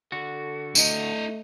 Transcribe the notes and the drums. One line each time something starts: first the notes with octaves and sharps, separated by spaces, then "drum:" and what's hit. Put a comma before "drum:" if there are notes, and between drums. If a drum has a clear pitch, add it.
D3 F#4 A4
A3 E4 D#5, drum: tambourine